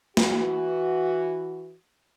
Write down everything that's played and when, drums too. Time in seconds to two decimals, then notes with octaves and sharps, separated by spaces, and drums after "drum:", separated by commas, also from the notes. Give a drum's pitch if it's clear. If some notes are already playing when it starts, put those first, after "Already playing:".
0.17 E3 F#4, drum: snare